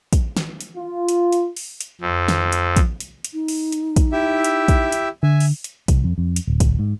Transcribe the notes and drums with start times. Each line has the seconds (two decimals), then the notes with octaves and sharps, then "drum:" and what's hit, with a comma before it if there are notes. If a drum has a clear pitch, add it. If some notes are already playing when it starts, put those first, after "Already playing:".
0.13 drum: kick, hi-hat
0.37 drum: snare
0.61 drum: hi-hat
0.77 F4
1.09 drum: hi-hat
1.33 drum: hi-hat
1.57 drum: open hi-hat
1.81 drum: hi-hat
2.01 F2
2.28 drum: snare
2.52 drum: hi-hat
2.76 drum: kick, hi-hat
3.00 drum: hi-hat
3.24 drum: hi-hat
3.33 D#4
3.48 drum: open hi-hat
3.72 drum: hi-hat
3.96 drum: kick, hi-hat
4.12 E4 G4 E5
4.44 drum: hi-hat
4.68 drum: kick, hi-hat
4.92 drum: hi-hat
5.23 D3 E5 G#5
5.40 drum: open hi-hat
5.64 drum: hi-hat
5.88 C2, drum: kick, hi-hat
6.04 F2
6.18 F2
6.36 drum: hi-hat
6.47 D1
6.60 drum: kick, hi-hat
6.79 G#2